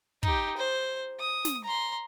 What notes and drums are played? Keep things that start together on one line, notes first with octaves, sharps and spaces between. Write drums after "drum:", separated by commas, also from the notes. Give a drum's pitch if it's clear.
D#4 G4, drum: kick
C5
D#6
drum: snare
A#5 C6